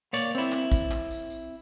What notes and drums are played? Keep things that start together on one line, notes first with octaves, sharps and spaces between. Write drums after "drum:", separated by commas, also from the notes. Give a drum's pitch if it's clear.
A#3 C#5 D5, drum: tambourine
C4 E4, drum: tambourine
drum: clap
drum: kick, tambourine
drum: clap
drum: tambourine
drum: tambourine